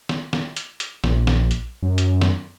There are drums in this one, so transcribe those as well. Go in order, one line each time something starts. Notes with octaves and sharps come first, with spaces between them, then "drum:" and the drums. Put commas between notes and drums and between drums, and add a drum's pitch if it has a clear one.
drum: snare
drum: snare
drum: hi-hat
drum: hi-hat
A#1, drum: snare
drum: snare
drum: hi-hat
F#2
drum: hi-hat
drum: snare